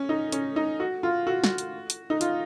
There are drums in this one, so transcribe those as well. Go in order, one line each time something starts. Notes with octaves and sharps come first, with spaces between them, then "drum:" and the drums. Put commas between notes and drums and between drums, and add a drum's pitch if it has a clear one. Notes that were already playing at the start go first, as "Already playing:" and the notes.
Already playing: C#4
D#4
C#4, drum: hi-hat
D#4
F#4
F4
F#4
F#4, drum: snare
drum: hi-hat
drum: hi-hat
D#4
F4, drum: hi-hat